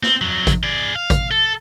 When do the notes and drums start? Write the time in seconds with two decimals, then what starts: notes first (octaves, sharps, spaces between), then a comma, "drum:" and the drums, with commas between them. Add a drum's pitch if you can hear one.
0.03 C4, drum: snare
0.21 F2 F#3
0.47 drum: kick G#1, hi-hat
0.63 G#4 D5
0.95 F5
1.10 drum: kick G#1, hi-hat
1.31 A4